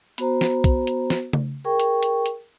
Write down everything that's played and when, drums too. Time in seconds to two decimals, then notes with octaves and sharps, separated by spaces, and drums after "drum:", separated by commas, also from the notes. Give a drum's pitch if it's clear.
0.18 B3 F#4 C5 A#5, drum: hi-hat
0.41 drum: snare
0.64 drum: kick, hi-hat
0.87 drum: hi-hat
1.10 drum: snare
1.33 drum: tom C#3
1.64 G#4 A#4 G5 C#6
1.80 drum: hi-hat
2.03 drum: hi-hat
2.26 drum: hi-hat